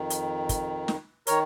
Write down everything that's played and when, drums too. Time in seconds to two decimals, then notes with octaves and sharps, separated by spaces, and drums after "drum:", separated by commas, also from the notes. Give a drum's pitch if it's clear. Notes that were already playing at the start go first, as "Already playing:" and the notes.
Already playing: F2 D#3
0.10 drum: hi-hat
0.49 drum: kick, hi-hat
0.88 drum: snare
1.27 D#3 A#4 C#5, drum: hi-hat